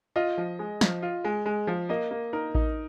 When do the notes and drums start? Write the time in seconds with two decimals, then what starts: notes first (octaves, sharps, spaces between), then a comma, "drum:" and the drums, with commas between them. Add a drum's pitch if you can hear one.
0.16 F4 D#5
0.38 F3
0.59 G#3
0.81 F3, drum: snare
1.02 F4
1.24 G#3
1.46 G#3
1.67 F3
1.89 A#3 D#5
2.11 A#3
2.33 D#4 A#4
2.55 D#4, drum: kick A1